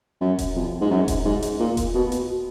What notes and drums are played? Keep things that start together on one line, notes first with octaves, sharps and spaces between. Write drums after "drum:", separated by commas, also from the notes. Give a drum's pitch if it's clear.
F#2
drum: kick E1, hi-hat
F2
G#2
F#2
drum: kick E1, hi-hat
G#2
drum: hi-hat
A#2
drum: kick E1, hi-hat
B2
drum: hi-hat